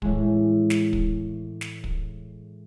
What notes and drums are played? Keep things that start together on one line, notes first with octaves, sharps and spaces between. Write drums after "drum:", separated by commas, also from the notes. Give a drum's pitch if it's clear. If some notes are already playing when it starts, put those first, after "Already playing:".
A2 E3 G#3, drum: kick
drum: snare
drum: kick
drum: snare
drum: kick